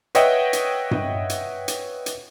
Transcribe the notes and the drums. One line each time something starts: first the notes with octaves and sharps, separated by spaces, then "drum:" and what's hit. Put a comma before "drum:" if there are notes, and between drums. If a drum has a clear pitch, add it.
B4 C#5 D#5 E5 F#5 G5, drum: hi-hat
drum: hi-hat
drum: tom G2
drum: hi-hat
drum: hi-hat
drum: hi-hat